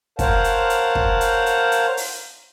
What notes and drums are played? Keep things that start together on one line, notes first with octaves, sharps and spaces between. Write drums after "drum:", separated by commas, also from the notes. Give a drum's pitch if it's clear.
A#4 C5 C#5 F5 F#5 A5, drum: kick, hi-hat
drum: hi-hat
drum: hi-hat
drum: kick
drum: hi-hat
drum: hi-hat
drum: hi-hat
drum: open hi-hat